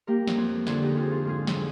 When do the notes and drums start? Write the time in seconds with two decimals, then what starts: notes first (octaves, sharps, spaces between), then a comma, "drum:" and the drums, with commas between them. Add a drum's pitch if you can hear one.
0.07 A#3 G4 A#4
0.27 drum: snare
0.38 F2
0.67 D3 F4 G#4, drum: snare
0.82 D#4 G4
0.97 F2 F4 G#4
1.12 F4 G#4
1.25 G#2 F4 G#4
1.47 drum: snare